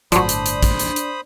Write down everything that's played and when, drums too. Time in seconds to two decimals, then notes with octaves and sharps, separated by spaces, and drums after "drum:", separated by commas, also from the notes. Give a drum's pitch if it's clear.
0.12 G1 A2 F3 F#3 D4 C5 B5 D#6, drum: hi-hat
0.29 drum: hi-hat
0.46 drum: hi-hat
0.63 drum: kick, hi-hat
0.79 drum: hi-hat
0.96 drum: hi-hat